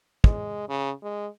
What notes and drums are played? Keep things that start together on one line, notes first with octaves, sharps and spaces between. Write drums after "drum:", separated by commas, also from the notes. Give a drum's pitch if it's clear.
G#3, drum: kick
C#3
G#3